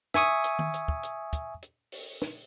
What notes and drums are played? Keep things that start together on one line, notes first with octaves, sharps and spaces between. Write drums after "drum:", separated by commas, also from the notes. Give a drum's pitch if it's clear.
E5 G#5 C#6 D#6, drum: snare
drum: hi-hat
drum: tom D#3
drum: hi-hat
drum: kick
drum: hi-hat
drum: kick, hi-hat
drum: hi-hat
drum: open hi-hat
drum: snare